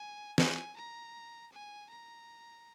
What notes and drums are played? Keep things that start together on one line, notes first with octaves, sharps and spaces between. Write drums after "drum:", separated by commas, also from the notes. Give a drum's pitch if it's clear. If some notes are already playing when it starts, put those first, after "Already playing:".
Already playing: G#5
G#5, drum: snare
A#5
G#5
A#5